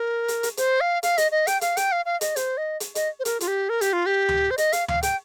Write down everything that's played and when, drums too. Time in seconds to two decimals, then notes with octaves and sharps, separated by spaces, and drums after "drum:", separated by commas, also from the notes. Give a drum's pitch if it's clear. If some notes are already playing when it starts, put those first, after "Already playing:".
Already playing: A#4
0.28 drum: hi-hat
0.43 drum: hi-hat
0.57 C5, drum: hi-hat
0.81 F5
1.03 F5, drum: hi-hat
1.18 D#5, drum: hi-hat
1.32 D#5
1.47 G5, drum: hi-hat
1.61 F5, drum: hi-hat
1.77 G5, drum: hi-hat
1.92 F5
2.06 F5
2.21 D#5, drum: hi-hat
2.36 C5, drum: hi-hat
2.57 D#5
2.80 drum: hi-hat
2.95 D#5, drum: hi-hat
3.20 C5
3.25 A#4, drum: hi-hat
3.40 F4, drum: hi-hat
3.48 G4
3.69 A#4
3.81 G4, drum: hi-hat
3.93 F4
4.06 G4
4.28 drum: tom D2
4.51 C5
4.58 D#5, drum: hi-hat
4.73 F5, drum: hi-hat
4.88 F5, drum: tom D2
5.03 G5, drum: hi-hat